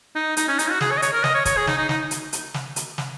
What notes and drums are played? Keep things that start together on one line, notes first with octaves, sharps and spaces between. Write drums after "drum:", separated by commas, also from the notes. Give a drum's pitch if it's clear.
D#4
D#4, drum: hi-hat
C#4
D#4, drum: hi-hat
F#4
G#4, drum: snare
C#5
D#5
C#5, drum: hi-hat
A#4
D#5, drum: snare
C#5
C#5, drum: kick, hi-hat
G#4
D#4, drum: snare
D#4
D#4, drum: snare
drum: hi-hat
drum: hi-hat
drum: snare
drum: hi-hat
drum: snare